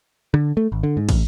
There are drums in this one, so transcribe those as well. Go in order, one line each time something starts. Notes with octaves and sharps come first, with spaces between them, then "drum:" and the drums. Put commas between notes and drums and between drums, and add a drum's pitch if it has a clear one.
D3, drum: rim click
A3
G#1
D3
G#2
A1, drum: kick, cymbal